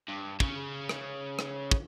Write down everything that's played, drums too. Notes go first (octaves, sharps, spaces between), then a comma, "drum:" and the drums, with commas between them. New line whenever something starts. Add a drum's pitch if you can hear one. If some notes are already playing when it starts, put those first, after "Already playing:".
G2
C#3 C#4, drum: kick
drum: rim click
drum: rim click
drum: kick